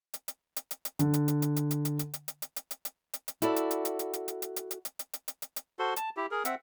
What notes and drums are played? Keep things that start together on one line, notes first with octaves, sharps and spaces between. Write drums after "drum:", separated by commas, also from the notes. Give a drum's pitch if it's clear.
drum: hi-hat
drum: hi-hat
drum: hi-hat
drum: hi-hat
drum: hi-hat
D3, drum: hi-hat
drum: hi-hat
drum: hi-hat
drum: hi-hat
drum: hi-hat
drum: hi-hat
drum: hi-hat
drum: hi-hat
drum: hi-hat
drum: hi-hat
drum: hi-hat
drum: hi-hat
drum: hi-hat
drum: hi-hat
drum: hi-hat
drum: hi-hat
E4 F#4 A4 D5, drum: hi-hat
drum: hi-hat
drum: hi-hat
drum: hi-hat
drum: hi-hat
drum: hi-hat
drum: hi-hat
drum: hi-hat
drum: hi-hat
drum: hi-hat
drum: hi-hat
drum: hi-hat
drum: hi-hat
drum: hi-hat
drum: hi-hat
drum: hi-hat
F#4 A4 C5 C6
A5, drum: hi-hat
E4 G4
G#4 A#4
C4 E5 F#5, drum: hi-hat